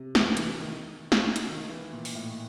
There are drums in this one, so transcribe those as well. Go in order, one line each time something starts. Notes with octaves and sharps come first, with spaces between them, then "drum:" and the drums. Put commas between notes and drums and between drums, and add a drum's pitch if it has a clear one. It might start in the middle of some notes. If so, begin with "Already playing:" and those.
Already playing: C3
E3, drum: snare
E3, drum: hi-hat
D#3
drum: snare
drum: hi-hat
D#3
E3
A#2
drum: open hi-hat
A2